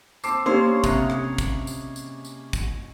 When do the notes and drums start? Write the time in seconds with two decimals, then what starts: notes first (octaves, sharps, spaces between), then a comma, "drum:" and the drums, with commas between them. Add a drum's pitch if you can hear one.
0.24 C4 A5 D6 C7, drum: tambourine
0.46 C#3 A#3 D4 G4 G#4 C5 C#5
0.84 C3 D#5 F5 F#5, drum: kick, tambourine
1.10 drum: rim click
1.38 drum: kick, tambourine
1.67 drum: tambourine
1.96 drum: tambourine
2.25 drum: tambourine
2.53 drum: kick, tambourine